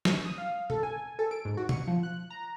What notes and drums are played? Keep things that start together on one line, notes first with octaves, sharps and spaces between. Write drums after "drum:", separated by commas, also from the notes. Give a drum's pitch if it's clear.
drum: snare
D#6
F5
A4, drum: tom B2
G#5
A4
D7
G#2
F#4
C#7, drum: tom B2
F3
F#6
A#5